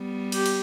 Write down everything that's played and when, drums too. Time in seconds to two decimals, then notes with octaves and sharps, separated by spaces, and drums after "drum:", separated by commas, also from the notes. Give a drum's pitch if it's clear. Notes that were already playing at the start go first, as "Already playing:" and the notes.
Already playing: G3 B3
0.32 G4, drum: cymbal
0.46 drum: cymbal